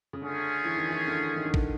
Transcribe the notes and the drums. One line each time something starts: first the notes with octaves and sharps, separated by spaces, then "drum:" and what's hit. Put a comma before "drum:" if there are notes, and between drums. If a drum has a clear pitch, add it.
C#3
D3 A3 C#4 F4 G#4
E3
D#3
E3
D3
D#3
D3
D#3, drum: kick